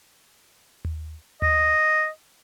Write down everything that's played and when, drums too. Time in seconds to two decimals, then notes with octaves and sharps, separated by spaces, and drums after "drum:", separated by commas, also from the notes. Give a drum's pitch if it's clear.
0.85 drum: tom D#2
1.42 D#5, drum: tom D#2